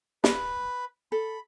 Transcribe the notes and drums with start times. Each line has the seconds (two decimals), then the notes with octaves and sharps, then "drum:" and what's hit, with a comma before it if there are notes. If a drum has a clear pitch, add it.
0.24 B4 B5, drum: snare
1.12 A4 B5